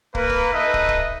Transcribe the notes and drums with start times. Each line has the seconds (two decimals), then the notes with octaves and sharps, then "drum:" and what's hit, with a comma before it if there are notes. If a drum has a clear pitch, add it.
0.15 A#3 B4, drum: kick
0.29 drum: kick
0.52 D#4 A4 B4 D#5 E5
0.74 drum: kick
0.89 drum: kick